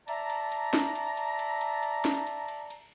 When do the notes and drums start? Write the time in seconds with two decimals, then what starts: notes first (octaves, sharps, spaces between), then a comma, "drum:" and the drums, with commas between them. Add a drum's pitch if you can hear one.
0.08 D5 E5 A5 A#5, drum: cymbal
0.30 drum: cymbal
0.52 drum: cymbal
0.73 drum: snare
0.95 drum: cymbal
1.17 drum: cymbal
1.39 drum: cymbal
1.61 drum: cymbal
1.83 drum: cymbal
2.05 drum: snare
2.27 drum: cymbal
2.48 drum: cymbal
2.70 drum: cymbal